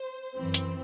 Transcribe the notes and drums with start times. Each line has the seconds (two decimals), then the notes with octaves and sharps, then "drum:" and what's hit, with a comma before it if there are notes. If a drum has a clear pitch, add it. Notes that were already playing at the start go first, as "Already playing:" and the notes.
Already playing: C5
0.37 F#2 E3 C4
0.54 drum: hi-hat